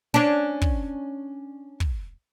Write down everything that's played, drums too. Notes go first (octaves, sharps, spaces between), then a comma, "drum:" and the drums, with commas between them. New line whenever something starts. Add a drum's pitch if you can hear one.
C#4 D4
drum: kick
drum: kick